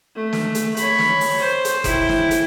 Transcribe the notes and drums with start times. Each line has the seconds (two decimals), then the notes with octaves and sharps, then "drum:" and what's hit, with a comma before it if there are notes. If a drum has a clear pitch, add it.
0.16 A3
0.33 drum: snare
0.55 drum: hi-hat
0.77 C#5 B5, drum: hi-hat
0.99 drum: snare
1.21 drum: open hi-hat
1.40 C5
1.65 drum: hi-hat
1.84 E4 G5, drum: kick F#1, hi-hat
2.09 drum: snare
2.31 drum: hi-hat